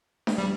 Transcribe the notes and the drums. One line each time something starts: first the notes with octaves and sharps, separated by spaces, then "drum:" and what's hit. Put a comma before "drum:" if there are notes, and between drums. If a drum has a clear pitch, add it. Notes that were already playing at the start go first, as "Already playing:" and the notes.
drum: snare D4
G3